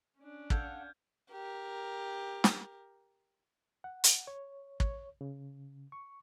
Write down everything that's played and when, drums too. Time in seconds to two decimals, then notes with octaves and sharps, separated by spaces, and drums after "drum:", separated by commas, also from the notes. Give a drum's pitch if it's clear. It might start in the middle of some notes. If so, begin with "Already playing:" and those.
0.19 C#4 D4
0.50 A4 F5 F#5 F6 G6 G#6, drum: kick
1.32 G4 A#4
2.44 drum: snare
3.84 F#5
4.04 drum: hi-hat
4.27 C#5
4.80 C#5, drum: kick
5.21 C#3
5.92 C#6